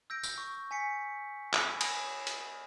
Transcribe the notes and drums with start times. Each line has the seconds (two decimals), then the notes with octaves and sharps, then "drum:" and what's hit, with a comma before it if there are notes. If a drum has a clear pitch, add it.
0.10 E6 G6 A#6 D7
0.23 drum: tambourine
0.38 C#6
0.71 G#5 B6 C#7
1.54 B5 E6 G#6 D7 D#7, drum: clap
1.81 G#5 B5 D#6 F#6 A#6 D7, drum: cymbal
2.27 drum: hi-hat